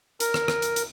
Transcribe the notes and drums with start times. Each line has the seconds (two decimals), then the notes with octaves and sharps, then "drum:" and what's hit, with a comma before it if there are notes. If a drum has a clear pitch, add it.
0.20 A#4, drum: hi-hat
0.34 drum: rim click
0.48 drum: rim click
0.62 drum: hi-hat
0.76 drum: hi-hat